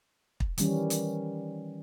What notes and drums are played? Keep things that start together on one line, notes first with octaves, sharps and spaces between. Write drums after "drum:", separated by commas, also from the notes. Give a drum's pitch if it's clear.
drum: kick
D#3 E3 G3 C#4, drum: hi-hat
drum: hi-hat